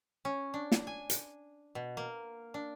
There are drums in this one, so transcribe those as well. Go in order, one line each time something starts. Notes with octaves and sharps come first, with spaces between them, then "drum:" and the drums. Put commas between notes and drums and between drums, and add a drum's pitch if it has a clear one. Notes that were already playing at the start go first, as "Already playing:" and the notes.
C#4
D4
drum: snare
G#5
drum: hi-hat
B2
A#3
D4